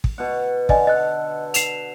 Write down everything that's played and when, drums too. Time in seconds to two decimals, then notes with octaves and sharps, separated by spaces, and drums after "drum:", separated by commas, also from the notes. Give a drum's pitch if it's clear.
0.04 drum: kick
0.18 B2 F#5
0.69 D3 D5 D#5 G#5, drum: kick
0.87 A4 D#5 F#6
1.54 C7 E7 F7, drum: hi-hat